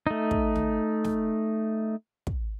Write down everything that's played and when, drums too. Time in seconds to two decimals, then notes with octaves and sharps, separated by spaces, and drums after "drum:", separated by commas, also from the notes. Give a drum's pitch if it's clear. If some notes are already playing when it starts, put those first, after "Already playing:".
0.07 A3 D#4
0.31 drum: kick
0.55 drum: tom
1.04 drum: snare
2.27 drum: kick